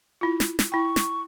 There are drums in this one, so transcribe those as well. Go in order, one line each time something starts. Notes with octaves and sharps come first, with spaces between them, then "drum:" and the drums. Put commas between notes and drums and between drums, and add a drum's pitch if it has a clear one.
E4 F4
drum: snare
drum: snare
E4 G5 C#6
drum: snare